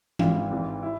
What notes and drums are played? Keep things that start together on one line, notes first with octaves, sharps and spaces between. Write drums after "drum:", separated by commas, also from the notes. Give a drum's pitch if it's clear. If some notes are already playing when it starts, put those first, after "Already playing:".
G#1 G#2 E3 F4, drum: tom E3
G#1 G#2 E3
E4